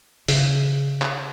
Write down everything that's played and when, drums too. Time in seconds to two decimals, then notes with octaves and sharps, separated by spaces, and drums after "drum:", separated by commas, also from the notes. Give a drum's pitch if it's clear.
0.28 C#3, drum: open hi-hat
1.02 drum: clap